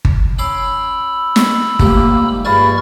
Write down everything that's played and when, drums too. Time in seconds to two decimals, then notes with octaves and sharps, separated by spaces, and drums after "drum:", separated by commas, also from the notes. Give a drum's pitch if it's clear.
0.05 drum: kick G1
0.39 C#4 B5 C6 D6 E6
1.36 drum: snare
1.79 G#2 D#3 F3 G3 A3 A#3 G4, drum: kick G1
2.45 A#1 G2 G#3 B5 C#6 F6 A6